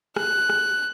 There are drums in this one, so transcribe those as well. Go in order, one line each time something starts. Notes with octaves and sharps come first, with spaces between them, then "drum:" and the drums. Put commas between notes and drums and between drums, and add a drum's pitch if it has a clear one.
F#6, drum: rim click
drum: rim click